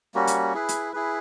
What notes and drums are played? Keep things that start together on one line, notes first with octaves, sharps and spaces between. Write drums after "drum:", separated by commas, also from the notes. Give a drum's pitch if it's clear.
G3 A#3 C#4 F#4
drum: hi-hat
E4 G#4 B4
drum: hi-hat
E4 G#4 B4